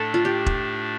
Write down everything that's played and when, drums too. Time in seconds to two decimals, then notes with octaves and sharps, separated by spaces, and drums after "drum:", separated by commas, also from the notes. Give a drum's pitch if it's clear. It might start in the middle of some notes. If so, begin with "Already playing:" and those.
Already playing: A2 A3 D4 A4
0.14 F4
0.25 G4
0.46 drum: kick E1